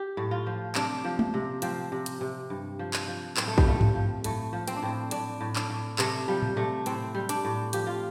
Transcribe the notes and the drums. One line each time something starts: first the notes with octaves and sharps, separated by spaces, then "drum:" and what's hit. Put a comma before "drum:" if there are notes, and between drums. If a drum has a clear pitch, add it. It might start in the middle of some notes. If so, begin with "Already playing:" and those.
Already playing: G4
A2
F4
F3
C3 D4, drum: clap
F3
drum: tom G#3
C3
F3 C4, drum: hi-hat
C3
drum: hi-hat
C3
G2
F3
drum: clap
F3
A2 C4, drum: clap
A3
G3, drum: kick A#1
F3 A3
drum: tom G2
F3
A2 A3, drum: hi-hat
F3
C4, drum: hi-hat
D4
A2 C4
A2 D4, drum: hi-hat
A2
D4, drum: clap
A2
C3 A3, drum: clap
F3 G3
drum: tom A2
C3 A3
A2 C4, drum: hi-hat
G3
D4, drum: hi-hat
A2
F3 G4, drum: hi-hat
F4